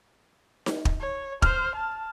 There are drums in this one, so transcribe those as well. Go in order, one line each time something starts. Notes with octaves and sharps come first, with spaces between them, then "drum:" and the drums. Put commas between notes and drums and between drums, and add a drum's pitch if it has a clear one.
drum: snare D#4
drum: kick
C#5
C5 F6, drum: kick
A5